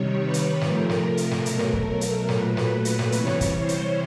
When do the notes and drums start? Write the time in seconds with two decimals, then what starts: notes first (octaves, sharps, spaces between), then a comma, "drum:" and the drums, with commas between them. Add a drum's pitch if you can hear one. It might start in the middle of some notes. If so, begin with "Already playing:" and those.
Already playing: C3 D#3 G3 C#5
0.20 B4
0.34 drum: hi-hat
0.61 C3 F3 A3 A#4, drum: snare
0.89 drum: snare
1.04 A#4
1.17 drum: hi-hat
1.31 drum: snare
1.46 B2 F#3 A3, drum: hi-hat
1.59 drum: snare
1.73 drum: kick
2.01 drum: hi-hat
2.29 A#2 F#3 A3 B4, drum: snare
2.57 drum: snare
2.85 drum: hi-hat
2.99 drum: snare
3.12 C3 E3 G3 C#5, drum: hi-hat
3.27 drum: snare
3.41 drum: kick, hi-hat
3.55 C5
3.69 drum: hi-hat